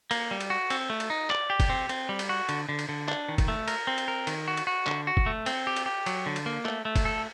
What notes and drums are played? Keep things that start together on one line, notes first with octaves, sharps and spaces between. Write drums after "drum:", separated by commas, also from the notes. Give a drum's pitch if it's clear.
A#3, drum: cymbal
G3
drum: cymbal
F#4
C4, drum: cymbal
A3
drum: cymbal
D#4
D5, drum: clap
G4
drum: kick, cymbal
C4
C4, drum: cymbal
G3
drum: cymbal
F#4
D3, drum: cymbal
D3
drum: cymbal
D3
D4, drum: clap
D#3
drum: kick, cymbal
A3
A#4, drum: cymbal
C4
drum: cymbal
A#4
D#3, drum: cymbal
F#4
drum: cymbal
F#4
D3, drum: clap
F#4
drum: kick
A3
C4, drum: cymbal
G4
drum: cymbal
G4
F#3, drum: cymbal
D3
drum: cymbal
A#3
A3, drum: clap
A3
drum: kick, cymbal
A4